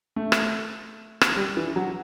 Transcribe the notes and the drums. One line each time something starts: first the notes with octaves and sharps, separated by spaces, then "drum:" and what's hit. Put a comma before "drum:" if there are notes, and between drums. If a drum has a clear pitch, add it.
A3
drum: rim click
drum: rim click
G3
E3
F#3